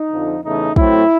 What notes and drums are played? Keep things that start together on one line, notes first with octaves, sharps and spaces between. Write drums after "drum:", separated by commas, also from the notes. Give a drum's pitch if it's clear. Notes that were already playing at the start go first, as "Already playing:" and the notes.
Already playing: D#4
F2 D3 F3
E2 C#3 E3 A3 D#4
A2 F#3 A3 C4 E4, drum: kick